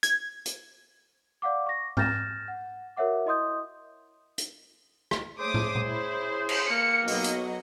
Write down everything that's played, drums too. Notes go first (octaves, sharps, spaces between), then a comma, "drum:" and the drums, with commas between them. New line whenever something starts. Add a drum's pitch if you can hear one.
G#6, drum: hi-hat
drum: hi-hat
D5 F5 F#5 D6
C#6 A#6
F6 G6 A6 A#6 E7, drum: tom
F#5
F#4 A#4 C#5 E5 F#5 D6
E4 D#5 C6 D#6 G6
drum: hi-hat
drum: rim click
A3 C#4 G#4 C5 D6 D#6
drum: tom
drum: tom A#2
E4
drum: cymbal
A#3 C#7
B1 F#3 D#5, drum: open hi-hat
drum: hi-hat